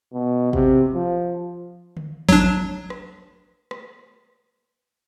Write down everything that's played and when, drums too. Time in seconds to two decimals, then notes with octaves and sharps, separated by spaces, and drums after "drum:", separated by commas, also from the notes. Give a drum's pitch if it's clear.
0.13 B2
0.53 C3, drum: kick
0.94 F3
1.97 drum: tom D3
2.29 F#3 D4, drum: kick
2.90 drum: rim click
3.71 drum: rim click